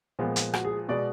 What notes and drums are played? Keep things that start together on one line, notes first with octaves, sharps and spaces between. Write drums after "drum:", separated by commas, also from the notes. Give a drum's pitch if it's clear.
A#2 F3 G#3 B3
drum: hi-hat
F#4, drum: rim click
G#4
B2 G#3 B3 D5